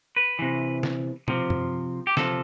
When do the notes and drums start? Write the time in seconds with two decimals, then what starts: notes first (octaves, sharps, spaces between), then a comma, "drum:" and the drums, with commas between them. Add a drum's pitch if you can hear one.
0.16 B4
0.39 C3 E3
0.83 drum: snare
1.28 C3 F3, drum: tom
1.50 drum: tom
2.07 G4
2.17 C3 F3 A4, drum: snare